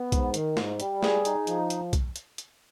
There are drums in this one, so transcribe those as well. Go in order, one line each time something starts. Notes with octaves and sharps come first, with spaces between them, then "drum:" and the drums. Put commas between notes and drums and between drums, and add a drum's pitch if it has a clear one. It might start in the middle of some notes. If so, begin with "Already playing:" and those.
Already playing: B3
G#2, drum: kick B1, hi-hat
D#3, drum: hi-hat
G#2, drum: snare
G3, drum: hi-hat
G#4, drum: snare
D#4, drum: hi-hat
F3, drum: hi-hat
drum: hi-hat
drum: kick B1, hi-hat
drum: hi-hat
drum: hi-hat